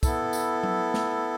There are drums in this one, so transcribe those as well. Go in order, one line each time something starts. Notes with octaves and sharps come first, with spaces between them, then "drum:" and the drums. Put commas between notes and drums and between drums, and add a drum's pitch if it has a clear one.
B3 E4 A4, drum: kick, tambourine
drum: tambourine
drum: tom F#3
drum: snare A3